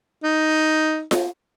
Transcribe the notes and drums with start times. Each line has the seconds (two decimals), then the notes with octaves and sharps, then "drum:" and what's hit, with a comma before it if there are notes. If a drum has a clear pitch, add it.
0.24 D#4
1.11 drum: snare F4